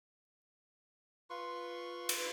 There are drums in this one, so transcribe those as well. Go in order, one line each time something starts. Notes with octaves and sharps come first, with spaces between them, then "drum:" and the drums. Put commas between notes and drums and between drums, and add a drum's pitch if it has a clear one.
F4 B4 C6 C#6
drum: cymbal